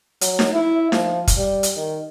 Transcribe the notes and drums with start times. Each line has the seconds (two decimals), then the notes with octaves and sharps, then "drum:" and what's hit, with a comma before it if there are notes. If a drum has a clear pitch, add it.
0.21 F#3, drum: hi-hat
0.39 drum: snare D#4
0.53 E4
0.92 F3, drum: snare D#4
1.27 drum: kick, hi-hat
1.37 G3
1.63 drum: hi-hat
1.76 D#3